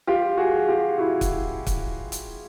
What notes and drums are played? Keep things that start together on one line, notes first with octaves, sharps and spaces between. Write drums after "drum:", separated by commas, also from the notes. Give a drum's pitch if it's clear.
F4 G4
F#4 G#4
F4 G4
E4 F#4
drum: kick, hi-hat
drum: kick, hi-hat
drum: hi-hat